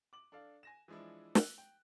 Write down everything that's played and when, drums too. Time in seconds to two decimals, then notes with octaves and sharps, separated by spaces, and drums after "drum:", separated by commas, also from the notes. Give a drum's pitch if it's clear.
0.13 D6 F#7
0.32 D4 A4 D5 F5
0.63 G#5 A#6 E7
0.88 E3 F3 G#3 D4 E4
1.35 E6 F#6, drum: snare
1.58 G5